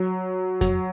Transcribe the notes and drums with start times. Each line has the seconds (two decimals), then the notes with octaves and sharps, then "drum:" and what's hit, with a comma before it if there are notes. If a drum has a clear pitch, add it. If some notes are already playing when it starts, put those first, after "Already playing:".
Already playing: F#3
0.61 F#3, drum: kick F2, hi-hat